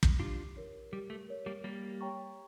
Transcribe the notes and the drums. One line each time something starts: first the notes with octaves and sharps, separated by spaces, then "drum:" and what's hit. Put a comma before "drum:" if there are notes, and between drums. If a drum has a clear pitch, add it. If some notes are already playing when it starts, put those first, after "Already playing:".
drum: kick
D4 F4 G4
A#4 C#5
G3 G4
A3
A#4 C#5
G3 A#3
G3 A#3 G4
C#5 G5 A#5 C#6